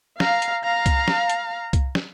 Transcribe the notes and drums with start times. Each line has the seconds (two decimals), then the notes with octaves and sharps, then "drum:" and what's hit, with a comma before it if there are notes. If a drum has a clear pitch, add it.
0.20 F5 A#5, drum: snare
0.42 drum: hi-hat
0.64 F5 A#5
0.86 drum: kick C2, hi-hat
1.08 drum: snare
1.30 drum: hi-hat
1.73 drum: kick C2, hi-hat
1.95 drum: snare